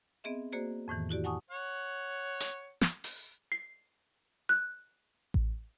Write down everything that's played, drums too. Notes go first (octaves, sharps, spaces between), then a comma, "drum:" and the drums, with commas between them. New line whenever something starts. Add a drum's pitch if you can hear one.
B3 C4 G#4 D#5 E5
A#3 F#4 G#4 C5 D5
F2 A2 D#3 E3
E4 F#4 G4 D5
F#5 G#5 A5 C#6 D#6
C#5 F#5
drum: hi-hat
drum: snare
drum: open hi-hat
C7
F#6
drum: kick A1